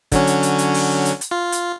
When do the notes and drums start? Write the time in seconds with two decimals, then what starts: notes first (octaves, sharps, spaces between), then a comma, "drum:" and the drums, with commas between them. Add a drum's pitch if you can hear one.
0.12 D3 F#3 C#4, drum: kick, hi-hat
0.27 drum: hi-hat
0.43 drum: hi-hat
0.58 drum: hi-hat
0.74 drum: open hi-hat
1.05 drum: hi-hat
1.21 drum: hi-hat
1.31 F4
1.52 drum: hi-hat